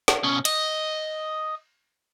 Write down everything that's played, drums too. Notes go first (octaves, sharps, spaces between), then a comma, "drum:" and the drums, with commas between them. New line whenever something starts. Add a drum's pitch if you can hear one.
drum: snare
B2 C#4
D#5, drum: cymbal